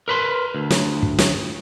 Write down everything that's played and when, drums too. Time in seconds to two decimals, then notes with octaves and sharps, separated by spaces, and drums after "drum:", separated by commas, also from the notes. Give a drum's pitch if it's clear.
0.08 A#4 B4 C6
0.54 D2
0.70 drum: snare
1.02 drum: kick
1.18 drum: snare